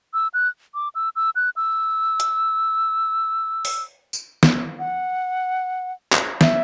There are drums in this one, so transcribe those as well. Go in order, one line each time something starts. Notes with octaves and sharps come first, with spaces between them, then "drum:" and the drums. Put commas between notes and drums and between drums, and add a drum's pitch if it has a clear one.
E6
F#6
D6
E6
E6
F#6
E6
drum: hi-hat
drum: open hi-hat
drum: tambourine
drum: snare
F#5
drum: clap
E5, drum: snare